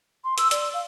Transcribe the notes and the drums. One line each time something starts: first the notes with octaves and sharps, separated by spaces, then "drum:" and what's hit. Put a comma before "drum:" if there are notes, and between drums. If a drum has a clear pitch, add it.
C6
E6, drum: hi-hat
D5, drum: hi-hat
F5